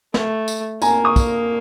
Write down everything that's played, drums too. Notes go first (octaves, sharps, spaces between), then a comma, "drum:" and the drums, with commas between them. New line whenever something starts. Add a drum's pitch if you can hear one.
A3, drum: snare
drum: tambourine
A#3 G#5 A#5, drum: tambourine
C#6 D#6
drum: kick, tambourine